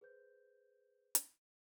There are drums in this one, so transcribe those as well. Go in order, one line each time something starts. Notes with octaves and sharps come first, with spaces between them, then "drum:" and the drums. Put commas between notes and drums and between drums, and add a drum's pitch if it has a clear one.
G#4 B4 C5 G6
drum: hi-hat